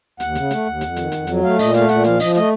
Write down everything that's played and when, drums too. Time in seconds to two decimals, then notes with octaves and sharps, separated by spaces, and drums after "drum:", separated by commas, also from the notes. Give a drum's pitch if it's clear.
0.20 D#2 F#5, drum: hi-hat
0.35 C#3, drum: hi-hat
0.51 A3, drum: hi-hat
0.67 D#2
0.81 F2, drum: hi-hat
0.96 D#3, drum: hi-hat
1.12 F2, drum: hi-hat
1.27 F#3, drum: hi-hat
1.43 A3 F5
1.59 A#2 D#5, drum: open hi-hat
1.74 A3 F5, drum: hi-hat
1.89 A#2 F#5, drum: hi-hat
2.04 F3 F5, drum: hi-hat
2.19 F3 D#5, drum: open hi-hat
2.35 A3 D#5, drum: hi-hat